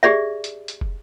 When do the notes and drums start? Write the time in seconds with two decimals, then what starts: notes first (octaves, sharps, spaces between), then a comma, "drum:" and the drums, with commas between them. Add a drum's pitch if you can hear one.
0.03 G4 G#4 D5 E5
0.44 drum: hi-hat
0.68 drum: hi-hat
0.81 drum: kick